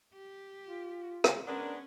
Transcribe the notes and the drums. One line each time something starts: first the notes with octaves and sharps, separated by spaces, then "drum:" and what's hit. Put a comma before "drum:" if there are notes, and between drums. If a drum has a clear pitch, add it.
G4
F4
drum: rim click
G#3 B3 C#4 D4 A#4